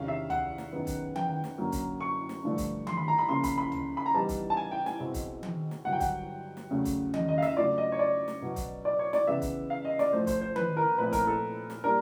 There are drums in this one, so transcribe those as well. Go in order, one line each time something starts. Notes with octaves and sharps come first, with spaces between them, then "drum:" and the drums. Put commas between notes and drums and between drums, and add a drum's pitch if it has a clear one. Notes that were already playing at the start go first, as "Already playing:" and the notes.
Already playing: E2 C3 D#3 G#3 C#4 F5
E5
F#5, drum: tom C#2
drum: snare
F#2 D#3 G#3 B3
drum: kick, hi-hat
G5, drum: tom D#3
G5
drum: snare
F#2 D3 F#3 A#3
drum: kick, hi-hat
C#6
drum: snare
G2 D3 F3 A3 D4
drum: kick, hi-hat
C6, drum: tom D#3
B5
A#5
B5
C#3 F3 A#3 C6
B5, drum: kick, hi-hat
B5
drum: tom C#2
B5
A#5
E3 G3 B3 D#4 A5
drum: kick, hi-hat
A5
G#5
G5
G#5, drum: snare
B2 G#3 C4 E4
drum: kick, hi-hat
drum: tom D#3
drum: snare
G2 D3 F#3 F#5
G5
F#5, drum: kick, hi-hat
drum: snare
E2 C#3 F#3 A3
drum: kick, hi-hat
D#5, drum: tom D#3
D#5
F5
E5, drum: snare
C#3 F#3 A3 D4 F4 D5
D#5
C#5
D5
drum: snare
B2 F#3 B3
drum: kick, hi-hat
D5
C#5
D5, drum: snare
C#3 E3 G#3 B3 E5
drum: kick, hi-hat
F5
D#5
D5, drum: snare
A2 F3 A3 C5
C5, drum: kick, hi-hat
C5
B4, drum: tom D#3
A#4
A#2 F3 A3 C4 E4 B4
A#4, drum: kick, hi-hat
A4
drum: snare
G3 A#3 D4 A#4